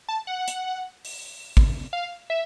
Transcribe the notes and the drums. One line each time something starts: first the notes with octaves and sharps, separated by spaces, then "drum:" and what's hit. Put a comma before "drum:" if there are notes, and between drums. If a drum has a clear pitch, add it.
A5
F#5
drum: hi-hat
drum: open hi-hat
drum: kick
F5
E5